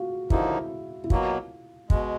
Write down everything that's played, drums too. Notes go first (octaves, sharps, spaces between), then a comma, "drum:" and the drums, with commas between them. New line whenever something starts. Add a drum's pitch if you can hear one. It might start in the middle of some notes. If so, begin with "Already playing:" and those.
Already playing: F4 F#4
D#2 D3 F3 A#3 D#4 E4, drum: kick
E4
B2 F#3 A#3 F4, drum: kick
B2 G#3, drum: kick